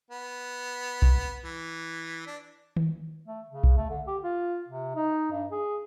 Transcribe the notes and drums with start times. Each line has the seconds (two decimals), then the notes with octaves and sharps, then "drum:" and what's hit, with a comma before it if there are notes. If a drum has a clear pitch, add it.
0.11 B3
1.02 drum: kick B1
1.45 E3
2.27 D4
2.76 drum: tom D#3
3.26 A3
3.50 C#3
3.64 drum: kick B1
3.76 A3
3.90 D3
4.07 G4
4.24 F4
4.68 C3
4.95 D#4
5.32 G2
5.51 G#4